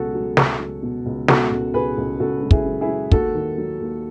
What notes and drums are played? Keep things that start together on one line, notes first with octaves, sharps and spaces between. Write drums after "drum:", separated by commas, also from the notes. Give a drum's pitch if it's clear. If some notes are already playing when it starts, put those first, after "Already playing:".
Already playing: C#2 B2 F#3 F#4 G#4 A4
F#3
C#2, drum: snare
F#3
B2
C#2
B2 F#4 A4, drum: snare
C#2
C#2 G#4 B4
C#2
C#2 F#4 A4
F#3
E4 G#4, drum: kick
F#3
E4 G#4
F#3
D#2 F#4 A4, drum: kick
D#3
F#3
D#2